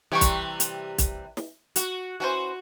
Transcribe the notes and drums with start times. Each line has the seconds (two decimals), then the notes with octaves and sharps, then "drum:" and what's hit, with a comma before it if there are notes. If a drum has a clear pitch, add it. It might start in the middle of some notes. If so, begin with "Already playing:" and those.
0.12 C3 E3 G3 C#5 G5 C#6
0.21 drum: kick, hi-hat
0.60 drum: hi-hat
0.98 drum: kick, hi-hat
1.37 drum: snare
1.76 F#4, drum: hi-hat
2.20 E3 C#4 F#4 C5